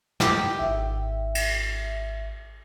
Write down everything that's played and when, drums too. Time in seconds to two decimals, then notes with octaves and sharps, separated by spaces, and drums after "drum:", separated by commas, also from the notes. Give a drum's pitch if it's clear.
0.20 D#3 B3 G4, drum: snare
0.59 G#1 E5
1.35 drum: cymbal